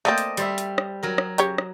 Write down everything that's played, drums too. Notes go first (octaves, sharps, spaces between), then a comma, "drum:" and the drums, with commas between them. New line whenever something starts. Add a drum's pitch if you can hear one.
A3 A#3 C4 D5 D#5 A5
drum: hi-hat
G3 C5 E5, drum: hi-hat
drum: hi-hat
drum: rim click
F#3 A#4
drum: rim click
C#3 G4 C#5, drum: hi-hat
drum: rim click